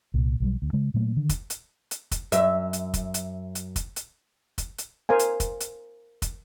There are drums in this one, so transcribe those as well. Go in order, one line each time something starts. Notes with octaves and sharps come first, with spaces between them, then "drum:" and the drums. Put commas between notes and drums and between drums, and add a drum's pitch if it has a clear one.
C2 A#2
B1 F#3 G3
D2
C#3 G#3
A#2 F#3 A3 A#3
D3 D#3
drum: kick, hi-hat
drum: hi-hat
drum: hi-hat
drum: kick, hi-hat
F#2 E5, drum: hi-hat
drum: hi-hat
drum: kick, hi-hat
drum: hi-hat
drum: hi-hat
drum: kick, hi-hat
drum: hi-hat
drum: kick, hi-hat
drum: hi-hat
A#4 C5 F5 G#5
drum: hi-hat
drum: kick, hi-hat
drum: hi-hat
drum: kick, hi-hat